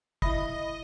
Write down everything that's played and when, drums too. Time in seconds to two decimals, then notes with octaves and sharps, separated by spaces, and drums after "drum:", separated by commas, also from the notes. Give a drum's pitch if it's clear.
0.22 E4 D#5 E5 B5, drum: kick